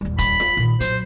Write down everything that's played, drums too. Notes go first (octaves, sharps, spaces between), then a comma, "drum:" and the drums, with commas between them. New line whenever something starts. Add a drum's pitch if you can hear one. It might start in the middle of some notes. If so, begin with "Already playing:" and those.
D#1 G3
B5, drum: kick F1, hi-hat
drum: snare F4
A#2 D#3
F#3 C5, drum: hi-hat